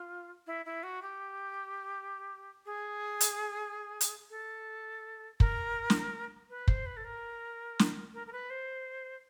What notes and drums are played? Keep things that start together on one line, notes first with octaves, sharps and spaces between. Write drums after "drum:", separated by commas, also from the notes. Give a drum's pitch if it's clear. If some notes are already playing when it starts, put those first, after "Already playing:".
Already playing: F4
E4
E4
F#4
G4
G#4
drum: hi-hat
drum: hi-hat
A4
A#4, drum: kick
drum: snare
B4
C5, drum: kick
B4
A4
A#4
drum: snare
A#4
A#4
B4
C5